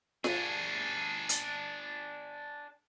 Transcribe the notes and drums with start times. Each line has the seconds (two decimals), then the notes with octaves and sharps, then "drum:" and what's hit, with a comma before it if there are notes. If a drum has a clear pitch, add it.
0.24 D4 G#4, drum: snare F4
1.29 drum: hi-hat